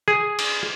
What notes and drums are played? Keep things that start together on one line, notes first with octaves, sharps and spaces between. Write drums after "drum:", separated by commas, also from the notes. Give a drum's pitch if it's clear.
G#4
drum: cymbal